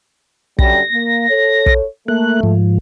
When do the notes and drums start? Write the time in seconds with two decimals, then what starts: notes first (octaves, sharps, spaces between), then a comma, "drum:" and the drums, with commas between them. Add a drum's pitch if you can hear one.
0.59 F#2 D3 G3 A#6, drum: kick
0.92 A#3
1.30 A4 C#5
1.66 drum: kick
2.08 A3 A#3 F#6
2.43 G#2 F3